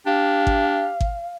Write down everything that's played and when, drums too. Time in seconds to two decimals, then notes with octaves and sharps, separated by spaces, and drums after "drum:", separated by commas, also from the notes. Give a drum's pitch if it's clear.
0.06 D4 G4 F5
0.47 drum: kick G#1
1.01 drum: kick G#1